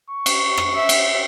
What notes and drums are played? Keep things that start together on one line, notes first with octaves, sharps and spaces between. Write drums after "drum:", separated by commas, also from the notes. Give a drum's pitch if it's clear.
C#6
drum: cymbal
drum: rim click
E5
drum: cymbal